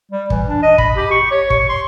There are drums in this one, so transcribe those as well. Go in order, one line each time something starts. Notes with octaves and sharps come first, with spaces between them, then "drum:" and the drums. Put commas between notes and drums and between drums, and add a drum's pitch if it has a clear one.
G3
E3, drum: kick
D4
D#5
B5, drum: kick
G4
C#6
C#5
C#6, drum: kick
C6